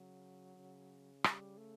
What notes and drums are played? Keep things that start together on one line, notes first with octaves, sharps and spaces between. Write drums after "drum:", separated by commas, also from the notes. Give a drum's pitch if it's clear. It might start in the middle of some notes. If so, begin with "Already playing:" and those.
Already playing: C#3 F#3
C#3
G3, drum: rim click
A3